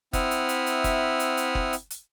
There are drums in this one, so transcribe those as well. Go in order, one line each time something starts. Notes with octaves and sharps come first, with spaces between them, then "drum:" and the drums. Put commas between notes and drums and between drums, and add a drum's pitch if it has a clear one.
C4 E4 E5 F#5 D#6 F6, drum: kick F#1, hi-hat
drum: hi-hat
drum: hi-hat
drum: hi-hat
drum: kick F#1, hi-hat
drum: hi-hat
drum: hi-hat
drum: kick F#1
drum: hi-hat
drum: hi-hat